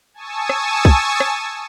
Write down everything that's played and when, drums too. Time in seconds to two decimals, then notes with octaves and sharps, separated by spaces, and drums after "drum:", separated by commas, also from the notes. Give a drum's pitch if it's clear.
0.14 G#5 A5 C#6 D#6 E6
0.49 drum: rim click
0.85 drum: kick
1.20 drum: rim click